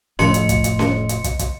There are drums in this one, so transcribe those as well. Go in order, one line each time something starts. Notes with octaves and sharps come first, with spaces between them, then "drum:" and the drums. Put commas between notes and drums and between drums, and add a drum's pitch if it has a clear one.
F1 A2 F3 D#5 C6 C#7, drum: snare C#4
drum: hi-hat
drum: kick, hi-hat
drum: hi-hat
drum: snare C#4
drum: hi-hat
drum: kick, hi-hat
drum: kick, hi-hat